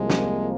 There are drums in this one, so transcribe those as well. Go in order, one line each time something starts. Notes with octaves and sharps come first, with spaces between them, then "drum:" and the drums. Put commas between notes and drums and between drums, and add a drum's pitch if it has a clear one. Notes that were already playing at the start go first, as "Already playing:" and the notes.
Already playing: C2 C3 F3 G#3 A#3
drum: snare